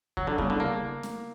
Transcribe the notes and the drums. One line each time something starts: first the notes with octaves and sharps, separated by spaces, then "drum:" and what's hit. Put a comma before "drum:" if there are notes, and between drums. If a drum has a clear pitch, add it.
C#3 F#3, drum: kick
D3
C#3 G3 B3 E4, drum: kick
D3
C#3 A#3
drum: snare